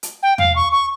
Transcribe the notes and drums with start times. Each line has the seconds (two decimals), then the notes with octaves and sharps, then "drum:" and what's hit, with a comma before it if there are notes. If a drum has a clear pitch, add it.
0.03 drum: hi-hat
0.23 G5
0.38 F5, drum: tom
0.56 C#6
0.72 C#6